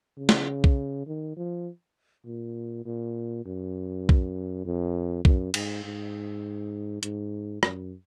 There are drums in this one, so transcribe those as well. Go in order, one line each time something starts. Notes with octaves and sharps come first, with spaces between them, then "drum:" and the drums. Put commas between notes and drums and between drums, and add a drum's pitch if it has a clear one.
C#3
drum: snare
drum: kick B1
D#3
F3
A#2
A#2
F#2
drum: kick B1
F2
F#2, drum: kick B1
G#2, drum: cymbal
G#2
G#2, drum: hi-hat
F#2, drum: rim click